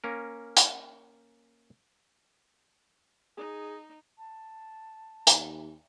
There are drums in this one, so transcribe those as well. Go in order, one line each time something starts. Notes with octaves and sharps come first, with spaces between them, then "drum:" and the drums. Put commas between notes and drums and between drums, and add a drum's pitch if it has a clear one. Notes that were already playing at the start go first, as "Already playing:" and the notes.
A#3 C#4 A#4
drum: hi-hat
D#4 G#4
A5
D#2, drum: hi-hat